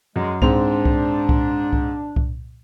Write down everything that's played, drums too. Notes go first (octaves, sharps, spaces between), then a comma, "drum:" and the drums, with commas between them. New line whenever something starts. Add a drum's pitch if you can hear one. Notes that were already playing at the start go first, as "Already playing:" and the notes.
F#2 G#3
G#2 C4 D4 F7, drum: kick C2
drum: kick C2
drum: kick C2
drum: kick C2
drum: kick C2